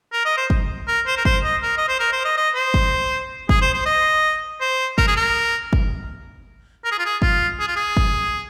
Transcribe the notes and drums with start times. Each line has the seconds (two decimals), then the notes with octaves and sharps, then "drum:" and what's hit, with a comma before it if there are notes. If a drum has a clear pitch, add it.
0.13 A#4
0.25 D#5
0.37 C5
0.50 drum: kick
0.87 A#4
1.07 C5
1.17 A#4
1.25 C5, drum: kick
1.44 D#5
1.62 A#4
1.77 D#5
1.89 C5
2.00 A#4
2.12 C5
2.25 D#5
2.37 D#5
2.55 C5
2.74 drum: kick
3.49 G#4, drum: kick
3.62 C5
3.74 C5
3.86 D#5
4.61 C5
4.98 A#4, drum: kick
5.07 G#4
5.17 A#4
5.73 drum: kick
6.85 A#4
6.91 G#4
6.99 F4
7.06 G#4
7.22 F4, drum: kick
7.60 G#4
7.68 F4
7.76 G#4
7.97 drum: kick